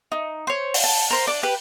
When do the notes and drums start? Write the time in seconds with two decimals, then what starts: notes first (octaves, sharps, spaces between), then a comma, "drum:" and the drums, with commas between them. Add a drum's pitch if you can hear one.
0.12 D#4
0.47 C5 C#5
0.74 drum: open hi-hat
0.84 A5
1.10 A#4 C5
1.27 D4 D5
1.43 G4 B4